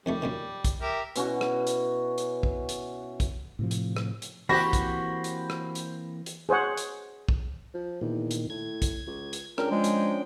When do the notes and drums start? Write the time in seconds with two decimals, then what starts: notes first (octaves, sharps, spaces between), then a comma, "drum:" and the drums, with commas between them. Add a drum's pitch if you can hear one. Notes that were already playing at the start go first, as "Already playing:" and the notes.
0.06 F2 D#3 G3 A3
0.22 F#2 A#2 D#3
0.64 drum: kick, hi-hat
0.81 G4 A#4 E5
1.16 B2 C#4 E4 F#4, drum: hi-hat
1.41 drum: rim click
1.67 drum: hi-hat
2.18 drum: hi-hat
2.43 drum: kick
2.69 drum: hi-hat
3.20 drum: kick, hi-hat
3.59 A2 C3 F3
3.71 drum: hi-hat
3.97 drum: rim click
4.22 drum: hi-hat
4.49 E3 A#3 C4 F#4 G4 C5 B5 A#6
4.73 drum: kick, hi-hat
5.24 drum: hi-hat
5.50 drum: rim click
5.75 drum: hi-hat
6.26 drum: hi-hat
6.49 G#4 C5 C#5 F#5
6.77 drum: hi-hat
7.29 drum: kick
7.74 F3
8.01 E2 A#2 D#3
8.31 drum: hi-hat
8.50 A2 G#6
8.82 drum: kick, hi-hat
9.07 C#2
9.33 drum: hi-hat
9.58 C#2 C#4 D4 A#4 G5, drum: rim click
9.71 F3 G#3
9.84 drum: hi-hat